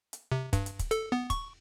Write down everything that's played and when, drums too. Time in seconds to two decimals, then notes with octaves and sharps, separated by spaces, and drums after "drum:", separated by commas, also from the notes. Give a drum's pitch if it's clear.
0.13 drum: hi-hat
0.32 C3
0.53 G2, drum: kick, hi-hat
0.66 drum: hi-hat
0.79 drum: kick, hi-hat
0.91 A4, drum: hi-hat
1.12 B3
1.30 C#6, drum: kick, hi-hat